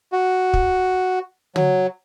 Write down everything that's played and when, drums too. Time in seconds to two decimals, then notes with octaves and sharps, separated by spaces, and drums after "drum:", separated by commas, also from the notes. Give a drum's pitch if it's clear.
0.12 F#4
0.54 drum: kick
1.56 F#3, drum: tom